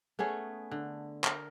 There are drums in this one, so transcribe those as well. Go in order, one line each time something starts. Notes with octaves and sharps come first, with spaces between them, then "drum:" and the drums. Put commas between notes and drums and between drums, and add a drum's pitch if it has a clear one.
A3 B3 C#4 G#4
D3
A#4, drum: clap